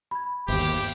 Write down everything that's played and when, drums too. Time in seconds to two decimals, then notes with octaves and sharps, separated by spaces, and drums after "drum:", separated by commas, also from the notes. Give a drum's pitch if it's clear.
0.11 B5 G#6
0.48 G1 D#2 G4, drum: cymbal